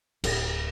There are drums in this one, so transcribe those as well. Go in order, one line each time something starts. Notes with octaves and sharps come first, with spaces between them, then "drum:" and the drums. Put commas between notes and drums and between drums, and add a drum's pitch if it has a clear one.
D1, drum: cymbal